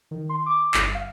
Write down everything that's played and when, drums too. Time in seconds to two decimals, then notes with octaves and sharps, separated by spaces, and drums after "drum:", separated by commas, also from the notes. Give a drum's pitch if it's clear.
0.11 D#3
0.29 C6
0.46 D6
0.74 G1, drum: clap
0.95 F5